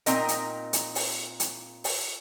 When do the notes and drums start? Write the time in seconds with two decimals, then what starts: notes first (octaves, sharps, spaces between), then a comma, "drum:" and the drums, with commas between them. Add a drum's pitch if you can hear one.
0.06 A#2 C4 D#4 A#4 D#5 G5, drum: hi-hat
0.28 drum: hi-hat
0.73 drum: hi-hat
0.95 drum: open hi-hat
1.40 drum: hi-hat
1.84 drum: open hi-hat